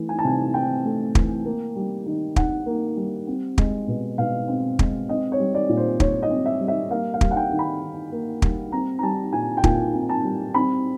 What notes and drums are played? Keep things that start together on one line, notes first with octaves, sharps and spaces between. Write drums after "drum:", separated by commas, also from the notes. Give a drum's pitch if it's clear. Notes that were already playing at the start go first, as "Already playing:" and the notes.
Already playing: E3 A3
G#5
A5
C3 G#5
C4 G5
A3
E3, drum: kick
A#3
G3
D#3
D#3 F#5, drum: kick
A#3
G3
C4
G#3, drum: kick
B2
B2 F5
C4
G#3, drum: kick
C4 D#5
C#5
G3
D5
A#2
C5
A#2 C#5, drum: kick
D#5
C4
E5
G3
E5
A#3 F5
F5
G3, drum: kick
F#5
G5
D#3
B5
D#3
A#3
G3, drum: kick
C4 A#5
A#5
G3 A5
A#2 G#5
G5
A#2 G#5, drum: kick
C4
A5
G3
C4 B5